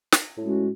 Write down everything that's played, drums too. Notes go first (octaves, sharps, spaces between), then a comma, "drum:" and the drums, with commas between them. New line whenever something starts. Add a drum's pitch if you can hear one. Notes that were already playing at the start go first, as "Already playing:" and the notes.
drum: snare
A2 G#3 C#4 F#4